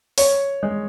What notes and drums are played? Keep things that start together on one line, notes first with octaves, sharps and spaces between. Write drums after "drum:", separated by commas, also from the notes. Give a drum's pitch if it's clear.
C#5, drum: open hi-hat
G#3